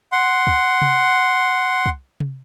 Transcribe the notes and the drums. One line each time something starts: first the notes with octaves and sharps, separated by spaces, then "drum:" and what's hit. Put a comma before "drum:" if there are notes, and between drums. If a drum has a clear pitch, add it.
F#5 C6
drum: kick
drum: tom C3
drum: kick
drum: tom C3